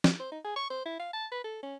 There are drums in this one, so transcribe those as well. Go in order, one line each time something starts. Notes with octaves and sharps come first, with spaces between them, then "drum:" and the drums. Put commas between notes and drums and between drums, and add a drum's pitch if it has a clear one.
drum: snare
C5
D#4
G#4
C#6
C5
E4
F5
A5
B4
A4
C#4